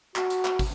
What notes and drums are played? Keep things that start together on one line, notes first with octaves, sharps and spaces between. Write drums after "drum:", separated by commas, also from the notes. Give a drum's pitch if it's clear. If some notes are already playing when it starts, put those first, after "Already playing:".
F#4, drum: clap
drum: hi-hat
drum: clap
drum: kick, open hi-hat